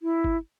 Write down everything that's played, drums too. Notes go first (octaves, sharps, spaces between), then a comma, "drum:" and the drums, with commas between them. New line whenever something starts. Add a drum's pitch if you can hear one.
E4
drum: kick